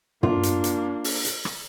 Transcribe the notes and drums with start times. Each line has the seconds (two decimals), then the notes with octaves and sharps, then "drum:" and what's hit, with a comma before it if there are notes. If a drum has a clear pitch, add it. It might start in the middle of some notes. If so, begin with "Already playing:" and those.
0.23 A#3 D4 F4, drum: tom
0.43 drum: hi-hat
0.64 drum: hi-hat
1.04 drum: open hi-hat
1.25 drum: hi-hat
1.45 drum: rim click